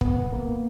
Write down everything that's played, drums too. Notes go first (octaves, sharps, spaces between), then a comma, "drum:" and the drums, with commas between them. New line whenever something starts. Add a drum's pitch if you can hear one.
B3, drum: kick
A#3